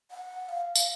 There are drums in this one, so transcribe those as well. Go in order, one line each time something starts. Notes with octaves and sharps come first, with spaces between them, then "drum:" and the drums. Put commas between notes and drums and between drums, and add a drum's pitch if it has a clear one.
F#5
F5
F5, drum: tambourine